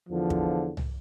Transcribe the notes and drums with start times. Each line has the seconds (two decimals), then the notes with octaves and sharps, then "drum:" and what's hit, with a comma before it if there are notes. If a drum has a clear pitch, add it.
0.08 E2 D3 F3
0.30 drum: kick
0.77 drum: tom